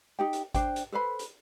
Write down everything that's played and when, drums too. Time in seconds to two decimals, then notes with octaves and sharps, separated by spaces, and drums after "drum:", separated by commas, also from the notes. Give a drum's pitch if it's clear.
0.19 D#4 G4 G5
0.33 drum: hi-hat
0.54 D4 C5 G5, drum: kick G#1, hi-hat
0.76 drum: hi-hat
0.92 A4 B4 C5 B5
1.19 drum: hi-hat